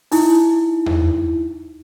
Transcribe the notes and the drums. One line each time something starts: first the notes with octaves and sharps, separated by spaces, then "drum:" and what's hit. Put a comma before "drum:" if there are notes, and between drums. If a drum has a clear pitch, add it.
D#4 E4, drum: open hi-hat
drum: tom E2